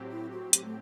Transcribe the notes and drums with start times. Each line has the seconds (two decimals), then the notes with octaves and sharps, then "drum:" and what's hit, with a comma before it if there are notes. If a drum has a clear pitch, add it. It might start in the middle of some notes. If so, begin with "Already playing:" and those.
Already playing: A2 F#3 C4 G4
0.11 E4
0.31 F#4
0.53 G4, drum: hi-hat
0.64 A3